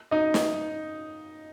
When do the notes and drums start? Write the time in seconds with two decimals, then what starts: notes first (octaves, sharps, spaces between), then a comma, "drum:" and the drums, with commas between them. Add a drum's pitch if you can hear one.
0.11 D#4 D#5
0.34 drum: snare